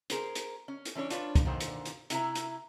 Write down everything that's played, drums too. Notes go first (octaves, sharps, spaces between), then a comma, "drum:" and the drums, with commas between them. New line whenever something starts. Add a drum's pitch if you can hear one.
G#4 A#4 C5, drum: hi-hat
drum: hi-hat
C#4
drum: hi-hat
E3 C#4 D4 B4 C#5
D4 F4 B4 C#5, drum: hi-hat
drum: kick, hi-hat
A#2 D3 D#3 C5
drum: hi-hat
drum: hi-hat
C3 E4 A#5, drum: hi-hat
drum: hi-hat